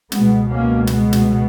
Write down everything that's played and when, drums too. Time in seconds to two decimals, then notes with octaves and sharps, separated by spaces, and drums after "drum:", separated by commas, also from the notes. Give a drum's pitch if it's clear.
0.12 C#2 B2 G#3 B3, drum: snare
0.50 A#3 C#4
0.87 G#3 B3, drum: snare
1.13 drum: snare